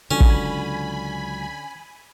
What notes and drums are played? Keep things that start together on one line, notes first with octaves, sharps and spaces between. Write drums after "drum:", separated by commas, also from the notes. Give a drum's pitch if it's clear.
C#2 D3 F#3 C#4 G#5 B5
drum: kick